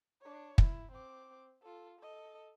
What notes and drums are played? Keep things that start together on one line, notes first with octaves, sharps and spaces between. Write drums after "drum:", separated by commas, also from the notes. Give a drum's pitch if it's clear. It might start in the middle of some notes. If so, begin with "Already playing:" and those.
D4 C#5
E4, drum: kick
C4 D6
F4 A4
A4 D#5